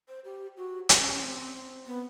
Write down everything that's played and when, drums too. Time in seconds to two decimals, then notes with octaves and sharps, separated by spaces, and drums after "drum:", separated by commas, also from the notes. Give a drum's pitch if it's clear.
0.09 C5
0.25 G4
0.57 F#4
0.89 G4, drum: hi-hat
1.00 C#4
1.11 C#4
1.22 C4
1.86 B3